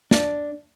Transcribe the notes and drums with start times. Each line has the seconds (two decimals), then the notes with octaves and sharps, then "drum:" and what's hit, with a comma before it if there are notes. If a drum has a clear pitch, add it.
0.11 D4, drum: snare